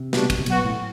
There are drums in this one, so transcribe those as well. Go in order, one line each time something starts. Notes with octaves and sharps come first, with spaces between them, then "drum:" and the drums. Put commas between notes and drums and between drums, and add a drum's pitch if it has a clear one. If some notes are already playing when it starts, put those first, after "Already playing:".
Already playing: C3
B2 G3 D4 F#4, drum: snare
drum: kick, cymbal
C3
B2 F#3 B3 F#4, drum: cymbal
A2